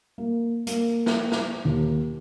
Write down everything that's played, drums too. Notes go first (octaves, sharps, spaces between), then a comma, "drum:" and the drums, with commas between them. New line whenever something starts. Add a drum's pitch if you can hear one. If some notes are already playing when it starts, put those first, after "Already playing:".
A#3
A#3, drum: hi-hat
drum: snare
drum: snare
D#2